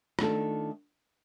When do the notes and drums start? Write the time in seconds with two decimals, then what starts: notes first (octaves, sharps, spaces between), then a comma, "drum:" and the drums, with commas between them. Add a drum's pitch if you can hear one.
0.19 D#3 A3 D4 F4 A4, drum: rim click